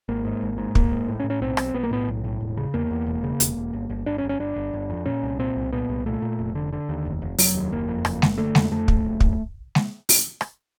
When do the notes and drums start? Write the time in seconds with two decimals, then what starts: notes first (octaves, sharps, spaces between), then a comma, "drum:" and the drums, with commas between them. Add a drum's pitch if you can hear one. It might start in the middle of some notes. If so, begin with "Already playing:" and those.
0.09 G#1 A#3
0.25 G#2
0.42 G#1
0.58 G#2
0.75 G#1 A#3, drum: kick
0.91 G#2
1.08 A2
1.20 C#4
1.24 A2
1.30 C#4
1.41 B1 C4
1.57 B1, drum: rim click
1.74 B1 B3
1.83 A#3
1.91 A2 B3
2.08 B1
2.24 A2
2.41 E1
2.57 C#3
2.74 E2 A#3
2.91 E2
3.07 E1
3.24 C#3
3.40 E1, drum: hi-hat
3.57 E1
3.73 G1
3.90 G1
4.06 G1 D4
4.18 C#4
4.24 G1
4.29 C#4
4.39 G1 D4
4.56 G1
4.74 G1
4.90 F2
5.06 A#2 C#4
5.23 C2
5.39 A#2 C4
5.56 C2
5.72 A#2 B3
5.89 C2
6.06 A#2 A3
6.22 A#2
6.39 F1
6.55 D3
6.72 D3
6.89 D#2
7.06 F1
7.22 F1
7.38 F1 F#3, drum: open hi-hat
7.55 D#2
7.72 F#1 A#3
7.89 F2
8.05 F#1, drum: rim click
8.22 F#1, drum: snare G#3
8.38 D3 A3
8.55 F2, drum: snare G#3
8.71 F2 A3
8.88 F#1, drum: kick
9.05 F#1
9.20 F#1, drum: kick
9.75 drum: snare G#3
10.09 drum: open hi-hat
10.41 drum: rim click